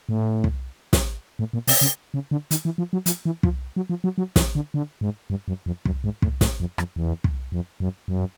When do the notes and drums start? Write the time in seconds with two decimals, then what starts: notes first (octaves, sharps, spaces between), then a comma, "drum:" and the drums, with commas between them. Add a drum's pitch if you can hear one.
0.09 A2
0.44 drum: kick
0.93 drum: snare
1.39 A2
1.53 A#2
1.67 C3, drum: open hi-hat
1.81 C#3
2.14 C#3
2.31 D3
2.51 D#3, drum: hi-hat
2.65 E3
2.78 F3
2.93 F#3
3.06 F3, drum: hi-hat
3.25 E3
3.43 F3, drum: kick
3.76 F#3
3.89 F3
4.04 F#3
4.18 F#3
4.36 E3, drum: snare
4.55 D3
4.74 D3
5.01 G#2
5.30 G2
5.48 F#2
5.66 F2
5.85 F#2, drum: kick
6.04 G#2
6.22 A2, drum: kick
6.41 A2, drum: snare
6.60 F2
6.78 F2, drum: rim click
6.96 E2
7.24 drum: kick
7.52 F2
7.80 F#2
8.08 F#2